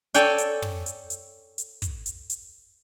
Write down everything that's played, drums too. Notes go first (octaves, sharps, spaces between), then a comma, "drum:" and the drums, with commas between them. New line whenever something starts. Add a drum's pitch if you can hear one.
A4 C#5 D5 G5 G#5, drum: hi-hat
drum: hi-hat
drum: tom
drum: hi-hat
drum: hi-hat
drum: hi-hat
drum: kick, hi-hat
drum: hi-hat
drum: hi-hat